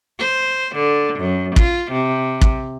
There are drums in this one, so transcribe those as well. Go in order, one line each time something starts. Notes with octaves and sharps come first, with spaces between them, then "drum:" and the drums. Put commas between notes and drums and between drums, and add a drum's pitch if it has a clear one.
C5
D3
F#2
F4, drum: kick
C3
drum: kick